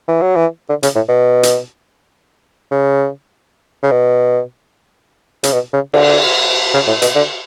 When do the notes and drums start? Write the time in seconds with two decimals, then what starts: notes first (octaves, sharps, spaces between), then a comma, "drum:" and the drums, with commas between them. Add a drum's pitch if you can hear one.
0.08 E3
0.22 F#3
0.36 E3
0.69 D3
0.83 C#3, drum: hi-hat
0.96 A2
1.09 B2
1.43 drum: hi-hat
2.71 C#3
3.83 C#3
3.92 B2
5.43 C#3, drum: hi-hat
5.53 B2
5.73 C#3
5.94 D3, drum: cymbal
6.74 C#3
6.88 A2
7.02 B2, drum: hi-hat
7.15 D3